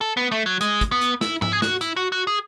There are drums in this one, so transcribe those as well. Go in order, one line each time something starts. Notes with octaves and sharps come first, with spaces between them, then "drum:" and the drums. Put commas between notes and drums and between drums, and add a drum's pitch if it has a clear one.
A4
B3
A3
F#3
G#3, drum: hi-hat
drum: kick, hi-hat
B3
drum: hi-hat
E4, drum: snare
E4, drum: tom G#2
G#4
F#4, drum: snare
E4, drum: hi-hat
F#4
F#4
G#4